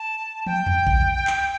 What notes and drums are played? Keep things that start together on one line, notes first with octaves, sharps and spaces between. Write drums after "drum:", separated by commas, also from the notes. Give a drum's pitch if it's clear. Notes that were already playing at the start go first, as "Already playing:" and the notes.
Already playing: A5
G5, drum: tom
drum: tom E2
drum: kick A#1
drum: clap